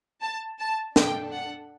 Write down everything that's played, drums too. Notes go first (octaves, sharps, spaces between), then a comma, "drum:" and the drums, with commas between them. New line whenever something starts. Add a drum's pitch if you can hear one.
A5
A5
D4 A4 G5, drum: snare
F#5